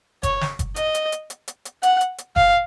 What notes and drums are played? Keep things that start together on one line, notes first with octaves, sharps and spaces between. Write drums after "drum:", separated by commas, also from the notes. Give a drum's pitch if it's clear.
C#5, drum: kick F#1, hi-hat
drum: snare
drum: kick F#1, hi-hat
D#5, drum: hi-hat
drum: hi-hat
drum: hi-hat
drum: hi-hat
drum: hi-hat
drum: hi-hat
F#5, drum: hi-hat
drum: hi-hat
drum: hi-hat
F5, drum: kick F#1